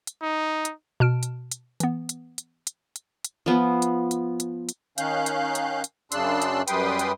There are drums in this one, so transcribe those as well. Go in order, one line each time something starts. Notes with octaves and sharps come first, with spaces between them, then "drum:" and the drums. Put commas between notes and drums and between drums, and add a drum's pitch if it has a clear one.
drum: hi-hat
D#4
drum: hi-hat
B2 A5 F6 D7
drum: hi-hat
drum: hi-hat
E3 B3, drum: hi-hat
drum: hi-hat
drum: hi-hat
drum: hi-hat
drum: hi-hat
drum: hi-hat
F3 B3
drum: hi-hat
drum: hi-hat
drum: hi-hat
drum: hi-hat
D#3 C#4 F5 F#6 G6, drum: hi-hat
drum: hi-hat
drum: hi-hat
drum: hi-hat
F#2 C#3 D4 C6 E6 F#6, drum: hi-hat
drum: hi-hat
F#2 G3 B4 G5 C6 D#6, drum: hi-hat
drum: hi-hat